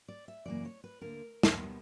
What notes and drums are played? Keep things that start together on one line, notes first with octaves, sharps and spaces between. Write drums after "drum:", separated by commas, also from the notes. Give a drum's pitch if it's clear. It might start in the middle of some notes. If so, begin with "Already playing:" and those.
D5
E5
F#2 C#3 E3 A#3 D5
C#5
B4
D2 D3 A#3 A#4
drum: snare
B2 G3 B3